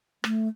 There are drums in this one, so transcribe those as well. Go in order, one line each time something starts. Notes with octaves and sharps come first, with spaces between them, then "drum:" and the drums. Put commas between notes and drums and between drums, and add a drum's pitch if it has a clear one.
A3, drum: rim click